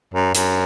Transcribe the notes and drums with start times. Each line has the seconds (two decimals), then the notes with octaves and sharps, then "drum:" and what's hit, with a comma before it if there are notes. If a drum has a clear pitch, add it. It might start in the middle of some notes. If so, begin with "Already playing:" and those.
0.14 F#2
0.35 F#2, drum: hi-hat